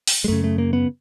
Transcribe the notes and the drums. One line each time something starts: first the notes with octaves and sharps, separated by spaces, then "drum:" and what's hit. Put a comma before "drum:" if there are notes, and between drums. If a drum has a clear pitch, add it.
drum: open hi-hat
G#3
F#2 C#3 A3
A3
A#3
B3